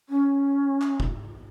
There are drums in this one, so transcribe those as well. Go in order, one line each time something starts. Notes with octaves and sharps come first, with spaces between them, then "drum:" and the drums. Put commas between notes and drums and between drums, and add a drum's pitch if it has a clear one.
C#4
drum: clap
drum: kick